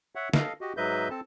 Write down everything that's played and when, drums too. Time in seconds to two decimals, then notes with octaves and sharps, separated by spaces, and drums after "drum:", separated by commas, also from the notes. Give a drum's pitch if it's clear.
0.15 C#5 E5 F#5
0.33 A4 D#5 F5, drum: snare
0.61 F#4 G4 D#5
0.77 G#2 F#3 B4 D#5 E5 G6
1.10 C4 A4 A5